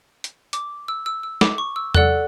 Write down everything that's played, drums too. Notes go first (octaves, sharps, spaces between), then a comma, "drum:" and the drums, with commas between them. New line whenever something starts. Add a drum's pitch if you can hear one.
drum: hi-hat
D6, drum: hi-hat
E6
E6
E6
D6, drum: snare
C#6
E6
A4 D5 F#5 F#6, drum: tom E2